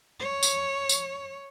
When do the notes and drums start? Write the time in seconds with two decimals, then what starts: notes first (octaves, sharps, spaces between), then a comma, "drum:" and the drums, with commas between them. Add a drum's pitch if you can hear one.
0.19 C#5
0.43 drum: tambourine
0.89 drum: tambourine